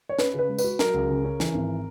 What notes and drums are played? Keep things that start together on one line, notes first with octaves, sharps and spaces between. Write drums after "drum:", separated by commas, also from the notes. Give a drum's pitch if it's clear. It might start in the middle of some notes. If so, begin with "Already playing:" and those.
C#5
C#4 B4, drum: snare
C#3 B4
G#3
B4, drum: tambourine
F#4
F#3 A#4, drum: snare
C#2
C#3
C#4
E3, drum: snare
G#1